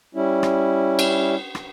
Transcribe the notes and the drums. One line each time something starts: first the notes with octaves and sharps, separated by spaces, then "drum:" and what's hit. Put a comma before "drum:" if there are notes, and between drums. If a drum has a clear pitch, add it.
G3 C#4 E4
drum: rim click
drum: cymbal
drum: rim click